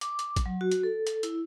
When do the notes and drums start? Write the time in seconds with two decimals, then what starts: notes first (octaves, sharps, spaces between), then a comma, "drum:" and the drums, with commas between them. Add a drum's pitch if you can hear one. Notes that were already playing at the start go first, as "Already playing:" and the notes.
0.01 D6, drum: hi-hat
0.19 drum: hi-hat
0.36 drum: kick, hi-hat
0.46 F#3
0.61 F#4
0.71 drum: hi-hat
0.83 A4
1.07 drum: hi-hat
1.23 E4, drum: hi-hat